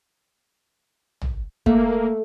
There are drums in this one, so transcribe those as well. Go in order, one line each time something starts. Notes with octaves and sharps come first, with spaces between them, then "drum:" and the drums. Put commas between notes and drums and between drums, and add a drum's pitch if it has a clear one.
drum: tom A1
A3 A#3, drum: kick